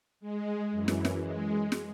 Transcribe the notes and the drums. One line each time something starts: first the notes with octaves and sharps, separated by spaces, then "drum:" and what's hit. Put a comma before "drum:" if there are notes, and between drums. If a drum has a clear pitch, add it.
G#3
F#2 E3
drum: snare
drum: snare
G#3
drum: snare